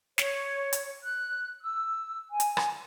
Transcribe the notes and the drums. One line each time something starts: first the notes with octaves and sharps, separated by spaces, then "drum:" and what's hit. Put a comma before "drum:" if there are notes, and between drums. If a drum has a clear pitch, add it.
C#5, drum: snare
drum: hi-hat
F#6
E6
G#5
drum: hi-hat
drum: rim click